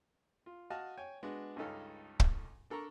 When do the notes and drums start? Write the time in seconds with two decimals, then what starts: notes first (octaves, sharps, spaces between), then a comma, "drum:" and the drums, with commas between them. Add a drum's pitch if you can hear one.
0.46 F4
0.70 F#4 D#5 F5 A5
0.97 C#5 G5 G#5
1.23 G#3 B3 D4 F#4
1.56 C#2 G2 C#4 D#4 A4 F5
2.20 drum: kick
2.70 D4 A4 A#4 A#5 C#6